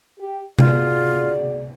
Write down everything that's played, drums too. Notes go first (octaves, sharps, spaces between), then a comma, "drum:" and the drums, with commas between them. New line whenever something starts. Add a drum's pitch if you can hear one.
G4
F4 F#4 G#4 D5, drum: tom C3